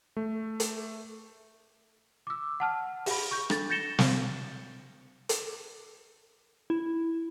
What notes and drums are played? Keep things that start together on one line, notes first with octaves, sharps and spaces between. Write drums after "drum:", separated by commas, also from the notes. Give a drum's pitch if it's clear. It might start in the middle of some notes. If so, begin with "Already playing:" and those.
A3
drum: hi-hat
D6 E6
F#5 A5 F6
G#4 B5, drum: open hi-hat
C#6 G6
D4 A4 A6, drum: rim click
G6 A6 A#6 C#7 E7 G7
drum: snare
drum: hi-hat
E4